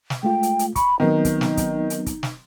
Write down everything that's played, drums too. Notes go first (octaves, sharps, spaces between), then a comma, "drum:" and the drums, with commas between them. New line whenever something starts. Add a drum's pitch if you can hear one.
drum: snare
G#3 A3 F4 G5
drum: hi-hat
drum: hi-hat
B5 C#6, drum: kick, hi-hat
D#3 F#3 B3 C4 D#4
drum: kick, hi-hat
drum: snare
drum: kick, hi-hat
drum: hi-hat
drum: kick, hi-hat
drum: snare